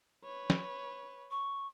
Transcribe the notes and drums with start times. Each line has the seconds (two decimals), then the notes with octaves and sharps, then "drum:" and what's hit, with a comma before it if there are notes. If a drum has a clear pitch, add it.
0.24 B4 C#5
0.50 drum: snare
1.31 C#6